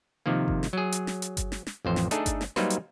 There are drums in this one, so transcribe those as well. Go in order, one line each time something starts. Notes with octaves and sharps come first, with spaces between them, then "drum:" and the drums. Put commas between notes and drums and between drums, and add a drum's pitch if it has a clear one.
C3 D#3 F3 A#3
drum: kick G1
drum: snare
F#3 G#4
drum: hi-hat
drum: snare
drum: hi-hat
drum: kick G1, hi-hat
drum: snare
drum: snare
A1 F2 C5
drum: snare
A3 D4 D#4 G#4 A4, drum: hi-hat
drum: kick G1, hi-hat
drum: snare
F#3 G3 A#3 D#4 B4 C5, drum: snare
drum: hi-hat